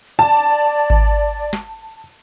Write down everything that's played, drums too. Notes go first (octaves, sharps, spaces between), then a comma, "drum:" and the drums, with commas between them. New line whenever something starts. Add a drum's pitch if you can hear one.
D5 A5
drum: kick G#1
drum: snare